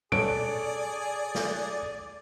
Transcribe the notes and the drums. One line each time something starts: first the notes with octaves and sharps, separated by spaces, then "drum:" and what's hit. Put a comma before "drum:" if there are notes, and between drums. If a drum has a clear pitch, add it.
G#4 A4 C#5 D5 D7, drum: tom A#2
drum: snare